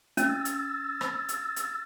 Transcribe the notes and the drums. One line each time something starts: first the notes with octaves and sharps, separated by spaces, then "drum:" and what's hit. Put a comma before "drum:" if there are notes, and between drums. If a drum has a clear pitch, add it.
C#4 E6 A6, drum: hi-hat
drum: hi-hat
drum: rim click
drum: hi-hat
drum: hi-hat